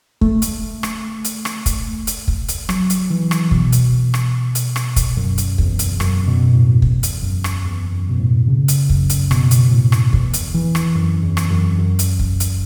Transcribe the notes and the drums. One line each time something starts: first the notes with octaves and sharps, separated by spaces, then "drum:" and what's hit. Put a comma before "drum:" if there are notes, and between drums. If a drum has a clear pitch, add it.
A3, drum: kick
drum: hi-hat
drum: rim click
drum: hi-hat
drum: rim click
drum: kick, hi-hat
drum: hi-hat
drum: kick
drum: hi-hat
F#3, drum: rim click
drum: hi-hat
E3
drum: rim click
B2, drum: kick
drum: hi-hat
drum: rim click
drum: hi-hat
drum: rim click
drum: kick, hi-hat
F#2
drum: hi-hat
E2, drum: kick
drum: hi-hat
F#2, drum: rim click
B2
A2
E2, drum: kick
drum: hi-hat
F#2
drum: rim click
E2
F#2
B2
A2
C#3
drum: hi-hat
F#2, drum: kick
drum: hi-hat
B2, drum: rim click
drum: hi-hat
A2
drum: rim click
E2, drum: kick
drum: hi-hat
E3
drum: rim click
F#2
E2
drum: rim click
F#2
F#2
drum: hi-hat
drum: kick
drum: hi-hat